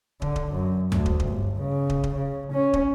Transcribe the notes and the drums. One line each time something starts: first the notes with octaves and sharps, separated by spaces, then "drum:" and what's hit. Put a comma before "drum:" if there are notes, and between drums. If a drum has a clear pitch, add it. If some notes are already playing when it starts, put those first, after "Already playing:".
D3, drum: kick
drum: kick
F#2
D2, drum: tom F2
drum: kick
drum: kick
G1
C#3
drum: kick
drum: kick
C#3
C#4
drum: kick